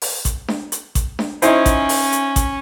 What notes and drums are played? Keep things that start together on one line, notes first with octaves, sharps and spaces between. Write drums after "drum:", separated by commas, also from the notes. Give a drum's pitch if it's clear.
drum: open hi-hat
drum: kick A1, hi-hat
drum: snare D4
drum: hi-hat
drum: kick A1, hi-hat
drum: snare D4
C#4 D#4 E4 C5, drum: hi-hat
drum: kick A1, hi-hat
drum: open hi-hat
drum: hi-hat
drum: kick A1, hi-hat